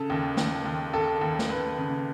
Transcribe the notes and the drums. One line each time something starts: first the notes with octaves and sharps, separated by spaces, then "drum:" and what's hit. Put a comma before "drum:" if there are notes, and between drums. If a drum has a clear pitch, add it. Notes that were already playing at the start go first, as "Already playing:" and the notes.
Already playing: C#3 A4
D#2
D#2, drum: snare
D#2
D#2 A4
D#2
drum: snare
D#2 B4
C#3